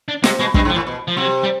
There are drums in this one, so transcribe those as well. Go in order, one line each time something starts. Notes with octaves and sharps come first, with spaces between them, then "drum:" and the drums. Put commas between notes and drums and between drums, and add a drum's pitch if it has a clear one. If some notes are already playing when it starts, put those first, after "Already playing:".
D4
C3 G#3, drum: snare
B2 G#3
G2 G#3, drum: kick
G#2
F3
A2
B2
F3
C3 F#3
G3